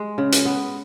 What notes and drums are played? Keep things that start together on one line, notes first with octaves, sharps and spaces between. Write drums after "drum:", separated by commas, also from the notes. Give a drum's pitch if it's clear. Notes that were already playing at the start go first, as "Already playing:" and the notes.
Already playing: G#3
C#3
drum: hi-hat
B3